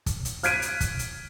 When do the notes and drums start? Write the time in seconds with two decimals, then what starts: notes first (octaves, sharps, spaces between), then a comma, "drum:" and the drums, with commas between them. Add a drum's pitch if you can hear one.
0.06 drum: kick, hi-hat
0.25 drum: hi-hat
0.43 F6 F#6 G#6 B6 D7 D#7, drum: hi-hat
0.62 drum: hi-hat
0.81 drum: kick, hi-hat
0.99 drum: hi-hat